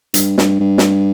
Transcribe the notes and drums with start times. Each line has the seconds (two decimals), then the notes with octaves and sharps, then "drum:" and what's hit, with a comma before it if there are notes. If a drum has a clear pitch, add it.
0.14 G2, drum: hi-hat
0.38 G2, drum: snare
0.60 G2
0.78 drum: snare